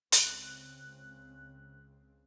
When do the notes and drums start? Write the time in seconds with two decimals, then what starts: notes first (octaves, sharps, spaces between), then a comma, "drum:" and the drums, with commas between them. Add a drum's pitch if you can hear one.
0.12 C#2 C#3 C4 F#6, drum: hi-hat